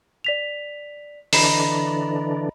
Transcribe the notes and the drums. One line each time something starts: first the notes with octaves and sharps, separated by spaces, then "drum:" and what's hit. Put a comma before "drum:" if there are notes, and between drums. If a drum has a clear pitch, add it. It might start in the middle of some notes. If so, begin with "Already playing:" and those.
D5 B6 F7
D3 E3 D4 D#5 A#5 B5 E7, drum: open hi-hat